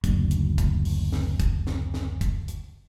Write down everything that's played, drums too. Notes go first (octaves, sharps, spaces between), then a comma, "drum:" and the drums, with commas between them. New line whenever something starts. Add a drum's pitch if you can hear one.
F#1 D2, drum: kick, hi-hat
drum: hi-hat
drum: kick, hi-hat
drum: open hi-hat
drum: snare
drum: kick, hi-hat
drum: snare
drum: snare
drum: kick, hi-hat
drum: hi-hat